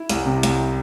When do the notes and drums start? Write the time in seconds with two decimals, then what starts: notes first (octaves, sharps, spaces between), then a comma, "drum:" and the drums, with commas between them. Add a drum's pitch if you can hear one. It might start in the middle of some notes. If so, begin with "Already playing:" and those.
Already playing: E4
0.09 C2, drum: hi-hat
0.26 C3
0.43 C2, drum: hi-hat